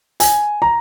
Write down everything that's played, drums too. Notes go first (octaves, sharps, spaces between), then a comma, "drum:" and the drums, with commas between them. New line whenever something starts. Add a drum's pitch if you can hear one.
G#5, drum: hi-hat
A#5